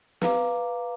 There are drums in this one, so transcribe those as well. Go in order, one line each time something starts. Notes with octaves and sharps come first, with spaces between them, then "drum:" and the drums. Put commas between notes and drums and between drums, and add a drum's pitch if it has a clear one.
B4 F5 A#5 D6, drum: snare